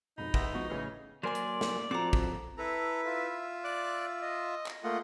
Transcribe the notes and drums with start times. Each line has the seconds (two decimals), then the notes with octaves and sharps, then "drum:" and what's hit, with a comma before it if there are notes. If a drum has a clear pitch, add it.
0.18 F2 G#2 B2 D#4 B5
0.34 B3 E5 C6 A#6, drum: kick
0.55 F3 G#3 B3 F#4
0.70 A2 C#3 E3 C#5 F6
1.23 F#3 A#3 A#4 C5 D5 G#5 C6
1.35 drum: hi-hat
1.61 drum: snare
1.91 F3 C4 F#4 A4 A#5 D6
2.13 drum: kick
2.58 E4 A4 B4 A#5
3.06 F4 E5
3.64 D5 D6 F#6
4.22 D#5
4.67 drum: clap
4.84 A3 A#3 F4 D#5 F#5